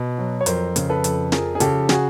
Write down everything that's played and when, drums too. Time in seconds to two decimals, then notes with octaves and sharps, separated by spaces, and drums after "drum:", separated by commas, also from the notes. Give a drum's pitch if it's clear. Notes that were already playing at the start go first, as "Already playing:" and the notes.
Already playing: B2
0.18 F#3
0.41 C#5
0.46 F2 A#4 C5, drum: hi-hat
0.76 C#3, drum: hi-hat
0.90 A4 B4
1.04 F2, drum: hi-hat
1.32 F3 G#4 A#4, drum: snare
1.55 G#4
1.60 C#3 G4 A4, drum: hi-hat
1.89 F#4 G#4, drum: snare